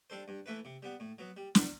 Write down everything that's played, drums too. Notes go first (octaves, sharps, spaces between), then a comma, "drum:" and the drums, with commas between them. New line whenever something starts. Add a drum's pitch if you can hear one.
G3 D4 A4 C5
G2
E3 A3 E4 B4
C3
G3 B3
A2
F#3 B3
G3
B3 D4, drum: snare